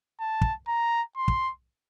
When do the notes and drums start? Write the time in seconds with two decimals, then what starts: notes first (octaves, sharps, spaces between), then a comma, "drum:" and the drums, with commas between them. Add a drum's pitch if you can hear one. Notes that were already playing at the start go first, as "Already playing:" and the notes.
0.20 A5
0.41 drum: kick
0.68 A#5
1.17 C6
1.28 drum: kick